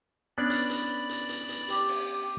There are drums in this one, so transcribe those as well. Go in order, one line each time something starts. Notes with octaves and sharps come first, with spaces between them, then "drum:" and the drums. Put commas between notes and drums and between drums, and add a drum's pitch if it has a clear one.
B3 C#4 D4 D5 B5
drum: hi-hat
drum: hi-hat
drum: hi-hat
drum: hi-hat
drum: hi-hat
G4, drum: hi-hat
drum: open hi-hat